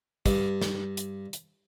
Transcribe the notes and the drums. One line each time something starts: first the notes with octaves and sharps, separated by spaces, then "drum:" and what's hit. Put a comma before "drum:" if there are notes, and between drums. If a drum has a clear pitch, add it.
G2, drum: kick, hi-hat
drum: snare
drum: hi-hat
drum: hi-hat